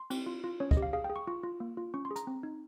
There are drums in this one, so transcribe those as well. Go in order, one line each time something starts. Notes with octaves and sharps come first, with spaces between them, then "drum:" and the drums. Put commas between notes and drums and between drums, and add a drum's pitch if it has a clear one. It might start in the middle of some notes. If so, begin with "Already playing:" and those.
Already playing: C6
C4, drum: cymbal
F4
F4
C#4 C#5
D#5, drum: kick
G4
F5
G#4 F5
G5
G#4
C#6
F4 C#6
F4
A#3
F4
C#4 C#6
C6
G#4
A#5, drum: hi-hat
C4
D#4